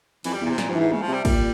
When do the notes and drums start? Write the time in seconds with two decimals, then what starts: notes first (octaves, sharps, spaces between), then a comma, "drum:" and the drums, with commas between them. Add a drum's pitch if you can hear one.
0.24 F2 E3, drum: cymbal
0.33 G3
0.41 E2 A#2
0.50 C3
0.58 F2 A#2, drum: snare
0.69 G2 F3
0.75 G#2 E3
0.91 C#3, drum: tom G3
1.02 F3
1.08 C3
1.13 G3
1.25 A#2 G3, drum: kick, cymbal